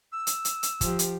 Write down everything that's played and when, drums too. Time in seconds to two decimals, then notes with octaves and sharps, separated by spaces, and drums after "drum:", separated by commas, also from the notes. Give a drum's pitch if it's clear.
0.12 E6
0.27 drum: hi-hat
0.45 drum: hi-hat
0.63 drum: hi-hat
0.81 F3 G4, drum: kick, hi-hat
0.99 drum: hi-hat